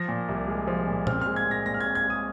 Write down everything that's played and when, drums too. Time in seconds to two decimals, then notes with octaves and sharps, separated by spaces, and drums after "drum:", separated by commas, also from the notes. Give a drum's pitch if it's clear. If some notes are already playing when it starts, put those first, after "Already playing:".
Already playing: F3 A#6
0.08 A#2
0.29 C2
0.48 G#3
0.67 F3
0.87 A#2
1.07 C4 F6, drum: tom A#2
1.21 F6
1.26 G#3
1.36 G#6
1.46 A#2 A#6
1.66 A#2 A#6
1.74 F6
1.80 G#6
1.86 C4
1.95 G#6
2.05 G#3 D#6